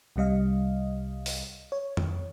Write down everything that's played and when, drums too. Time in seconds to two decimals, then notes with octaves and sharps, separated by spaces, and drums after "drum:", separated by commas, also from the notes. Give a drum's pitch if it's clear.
0.16 C2 C3 G3 D#5 F5
1.26 drum: open hi-hat
1.72 C#5
1.97 drum: tom F2